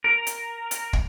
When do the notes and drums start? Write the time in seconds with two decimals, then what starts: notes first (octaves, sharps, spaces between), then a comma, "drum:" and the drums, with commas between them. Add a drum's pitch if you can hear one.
0.04 A#4
0.27 drum: hi-hat
0.71 drum: hi-hat
0.93 drum: kick